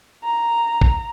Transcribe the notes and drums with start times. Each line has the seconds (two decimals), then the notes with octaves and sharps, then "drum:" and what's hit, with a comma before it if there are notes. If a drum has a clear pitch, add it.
0.24 A#5
0.81 drum: kick